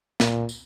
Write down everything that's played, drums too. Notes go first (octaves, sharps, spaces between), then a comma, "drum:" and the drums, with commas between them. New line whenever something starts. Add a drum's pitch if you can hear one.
A#2, drum: snare
drum: tambourine